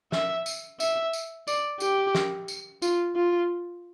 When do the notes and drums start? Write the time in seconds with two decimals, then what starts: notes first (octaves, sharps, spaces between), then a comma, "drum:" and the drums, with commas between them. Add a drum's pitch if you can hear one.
0.12 E5, drum: snare
0.46 drum: tambourine
0.80 E5, drum: tambourine
1.13 drum: tambourine
1.48 D5, drum: tambourine
1.80 G4, drum: tambourine
2.15 drum: snare
2.48 drum: tambourine
2.82 F4, drum: tambourine
3.16 F4